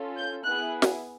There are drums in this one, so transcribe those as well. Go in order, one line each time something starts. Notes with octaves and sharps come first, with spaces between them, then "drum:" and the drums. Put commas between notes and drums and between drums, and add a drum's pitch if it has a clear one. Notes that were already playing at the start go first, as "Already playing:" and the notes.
Already playing: C#4 F4 A4
G6
B3 E4 G#4 F#6
drum: snare